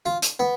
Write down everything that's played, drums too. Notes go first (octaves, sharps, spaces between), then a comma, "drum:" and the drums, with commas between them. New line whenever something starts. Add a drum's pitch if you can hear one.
F4
drum: hi-hat
B3